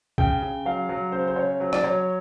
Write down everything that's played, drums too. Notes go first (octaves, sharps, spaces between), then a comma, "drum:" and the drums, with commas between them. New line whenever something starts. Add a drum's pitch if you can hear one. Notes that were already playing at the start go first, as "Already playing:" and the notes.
C#3 G5, drum: kick
C#3
F#3 F5
F#3
C#3 C5
C5
C#3 C#5
F#3 C5
D5, drum: rim click
F#3 C#5